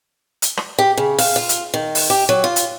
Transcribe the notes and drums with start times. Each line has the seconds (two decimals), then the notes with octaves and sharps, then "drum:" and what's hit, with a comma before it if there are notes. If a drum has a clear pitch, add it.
0.42 drum: hi-hat
0.57 drum: rim click
0.78 G4
0.97 C#3
1.19 F5, drum: open hi-hat
1.36 F4
1.49 drum: hi-hat
1.74 D#3
1.95 drum: open hi-hat
2.10 G4
2.29 F#3
2.44 F4
2.56 drum: hi-hat